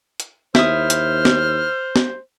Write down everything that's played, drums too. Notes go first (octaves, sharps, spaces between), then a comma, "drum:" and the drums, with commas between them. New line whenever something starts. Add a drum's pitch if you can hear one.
drum: hi-hat
D#2 E4 C5 D#6 F6, drum: snare
drum: hi-hat
drum: snare
drum: snare